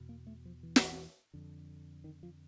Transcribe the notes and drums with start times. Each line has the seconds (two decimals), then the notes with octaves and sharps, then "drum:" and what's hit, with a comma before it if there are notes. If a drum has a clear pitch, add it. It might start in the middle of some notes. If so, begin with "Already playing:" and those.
Already playing: E2 B2
0.09 A#3
0.27 A3
0.45 F3
0.63 E3
0.76 drum: snare
1.34 F2 D3
2.04 D#3
2.23 F3